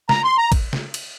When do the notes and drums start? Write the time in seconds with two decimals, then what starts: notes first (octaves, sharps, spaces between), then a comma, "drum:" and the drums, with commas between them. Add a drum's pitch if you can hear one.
0.09 A#5, drum: snare
0.24 C6
0.38 A#5
0.52 drum: kick G#1, cymbal
0.73 drum: snare
0.94 drum: cymbal